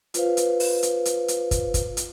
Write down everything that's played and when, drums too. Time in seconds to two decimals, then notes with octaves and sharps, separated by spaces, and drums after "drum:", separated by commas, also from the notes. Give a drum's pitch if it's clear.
0.14 F4 B4 C5 F5, drum: hi-hat
0.37 drum: hi-hat
0.60 drum: open hi-hat
0.83 drum: hi-hat
1.05 drum: hi-hat
1.28 drum: hi-hat
1.51 drum: kick, hi-hat
1.74 drum: kick, hi-hat
1.97 drum: hi-hat